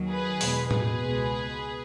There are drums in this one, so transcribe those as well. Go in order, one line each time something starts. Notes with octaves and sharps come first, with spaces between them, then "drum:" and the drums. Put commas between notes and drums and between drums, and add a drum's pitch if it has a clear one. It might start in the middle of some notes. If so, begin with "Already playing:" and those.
Already playing: D#2 D#3 F#3
G#4 B4
E2 B2 G#3, drum: open hi-hat
G#4 B4, drum: tom A2
C#2 B2 G#3